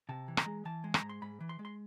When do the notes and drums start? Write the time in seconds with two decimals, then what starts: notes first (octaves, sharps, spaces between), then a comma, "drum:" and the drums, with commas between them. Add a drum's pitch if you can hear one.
0.09 C3 A5
0.28 E3
0.37 A#5, drum: rim click
0.46 G#3
0.65 E3 A5
0.84 G#3
0.94 A#5, drum: rim click
1.02 G#2
1.09 C6
1.22 G#2 B5
1.40 E3
1.49 C6
1.59 G#3
1.65 C6